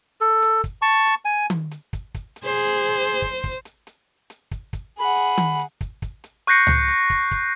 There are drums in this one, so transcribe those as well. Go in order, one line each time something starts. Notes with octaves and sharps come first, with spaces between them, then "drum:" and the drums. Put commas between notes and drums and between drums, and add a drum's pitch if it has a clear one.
A4
drum: hi-hat
drum: kick, hi-hat
A5 C#6
drum: hi-hat
G#5
drum: tom D#3
drum: hi-hat
drum: kick, hi-hat
drum: kick, hi-hat
drum: hi-hat
G#4 C5
drum: hi-hat
drum: hi-hat
drum: kick
drum: kick, hi-hat
drum: hi-hat
drum: hi-hat
drum: hi-hat
drum: kick, hi-hat
drum: kick, hi-hat
G#4 F#5 B5
drum: hi-hat
drum: tom D#3
drum: hi-hat
drum: kick, hi-hat
drum: kick, hi-hat
drum: hi-hat
C#6 F#6 G6 A#6 C7 C#7, drum: hi-hat
drum: tom C#2
drum: hi-hat
drum: kick, hi-hat
drum: kick, hi-hat